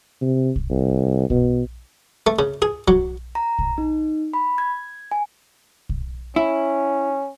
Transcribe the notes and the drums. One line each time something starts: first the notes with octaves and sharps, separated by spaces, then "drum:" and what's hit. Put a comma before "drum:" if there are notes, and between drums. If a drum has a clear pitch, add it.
C3
drum: kick
C2
B2, drum: kick
A3
C#3
G#4
F#3, drum: kick
A#5
drum: kick
D#4
B5
G#6
G#5
drum: kick
C#4 E4